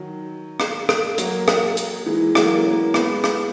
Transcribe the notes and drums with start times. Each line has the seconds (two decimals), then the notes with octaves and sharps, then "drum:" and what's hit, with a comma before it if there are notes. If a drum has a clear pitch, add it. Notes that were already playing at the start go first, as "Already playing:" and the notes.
Already playing: D#3 F#3
0.60 drum: rim click
0.89 drum: rim click
1.18 F#3 A#3, drum: hi-hat
1.48 drum: rim click
1.77 drum: hi-hat
2.06 E3 G#3
2.35 F#3 A#3, drum: rim click
2.65 A#3 C#4
2.94 G#3 B3, drum: rim click
3.24 drum: rim click